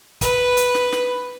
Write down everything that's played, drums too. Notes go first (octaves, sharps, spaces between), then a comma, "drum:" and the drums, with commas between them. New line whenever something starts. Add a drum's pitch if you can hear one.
B4, drum: kick, hi-hat
drum: hi-hat
drum: snare
drum: snare